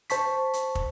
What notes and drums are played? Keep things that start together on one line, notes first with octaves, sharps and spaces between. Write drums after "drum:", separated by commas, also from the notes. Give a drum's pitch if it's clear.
C5 A5 C#6 B6, drum: hi-hat
drum: hi-hat
drum: kick